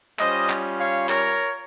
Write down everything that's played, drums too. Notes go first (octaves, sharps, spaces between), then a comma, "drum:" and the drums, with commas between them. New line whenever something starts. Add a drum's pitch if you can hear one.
G3 C#4 F4 C5 D#5, drum: clap
drum: clap
C#5 F5
A#4 C#5, drum: clap